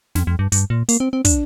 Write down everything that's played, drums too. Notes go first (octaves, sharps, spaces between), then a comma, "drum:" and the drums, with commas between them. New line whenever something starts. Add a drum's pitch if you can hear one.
F2, drum: snare
F2
G2
G2, drum: hi-hat
A#2
A#3, drum: hi-hat
C4
C4
D4, drum: kick, hi-hat